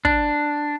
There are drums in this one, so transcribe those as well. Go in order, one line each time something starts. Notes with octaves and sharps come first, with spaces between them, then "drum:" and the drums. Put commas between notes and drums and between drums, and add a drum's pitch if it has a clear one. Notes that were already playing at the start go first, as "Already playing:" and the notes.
D4, drum: kick